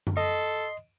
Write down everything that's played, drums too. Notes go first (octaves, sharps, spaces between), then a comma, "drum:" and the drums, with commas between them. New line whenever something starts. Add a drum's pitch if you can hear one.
drum: tom F#2
A4 D#5 C6